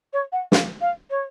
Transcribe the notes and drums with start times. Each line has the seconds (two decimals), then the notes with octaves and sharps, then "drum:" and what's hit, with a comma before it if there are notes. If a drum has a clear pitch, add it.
0.13 C#5
0.32 F#5
0.52 F5, drum: snare
0.81 F5
1.10 C#5